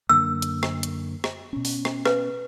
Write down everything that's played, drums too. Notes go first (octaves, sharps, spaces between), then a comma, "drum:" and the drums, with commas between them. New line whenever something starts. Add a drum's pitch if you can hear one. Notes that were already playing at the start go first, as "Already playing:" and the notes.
F#2 D3 A#3 E6
drum: hi-hat
drum: rim click
drum: hi-hat
drum: rim click
B2 C#4
drum: open hi-hat
drum: rim click
B4, drum: rim click